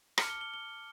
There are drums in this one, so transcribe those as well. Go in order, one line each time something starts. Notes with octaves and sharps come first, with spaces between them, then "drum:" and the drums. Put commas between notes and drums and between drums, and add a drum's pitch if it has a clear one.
A5 D6 F6 C#7, drum: rim click
G7
G7
G7